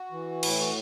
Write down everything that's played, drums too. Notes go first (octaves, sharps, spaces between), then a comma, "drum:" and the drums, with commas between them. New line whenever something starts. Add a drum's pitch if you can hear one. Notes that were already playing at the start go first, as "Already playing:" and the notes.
Already playing: F#4
E3
A2 E4, drum: cymbal
F#4